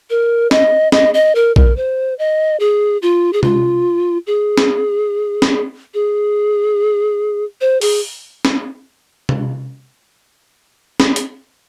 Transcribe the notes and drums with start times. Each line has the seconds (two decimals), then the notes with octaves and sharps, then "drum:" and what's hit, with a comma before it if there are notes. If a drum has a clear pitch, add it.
0.10 A#4
0.51 D#5, drum: snare
0.92 D#5, drum: snare
1.14 D#5
1.35 A#4
1.56 A#4, drum: kick A#1
1.76 C5
2.19 D#5
2.60 G#4
3.02 F4
3.33 G#4
3.43 F4, drum: tom
4.27 G#4
4.58 drum: snare
5.42 drum: snare
5.94 G#4
7.61 C5
7.81 G#4, drum: open hi-hat
8.45 drum: snare
9.29 drum: tom
11.00 drum: snare
11.16 drum: hi-hat